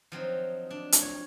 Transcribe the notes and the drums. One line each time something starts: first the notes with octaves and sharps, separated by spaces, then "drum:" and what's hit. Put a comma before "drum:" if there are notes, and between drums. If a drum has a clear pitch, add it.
F3 F#3 C4 D#4
D4
drum: hi-hat
C#5